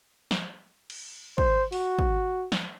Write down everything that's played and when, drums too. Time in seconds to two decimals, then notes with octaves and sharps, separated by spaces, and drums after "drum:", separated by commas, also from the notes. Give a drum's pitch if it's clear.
0.31 drum: snare
0.90 drum: cymbal
1.38 C5, drum: kick
1.72 F#4, drum: open hi-hat
1.99 drum: kick
2.52 drum: snare